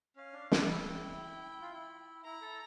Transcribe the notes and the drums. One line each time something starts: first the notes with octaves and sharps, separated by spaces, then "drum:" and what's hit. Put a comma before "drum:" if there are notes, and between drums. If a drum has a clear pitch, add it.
C#4 F5
D4
D4, drum: snare
E4 G5
F4
E4
E4 A#5
A4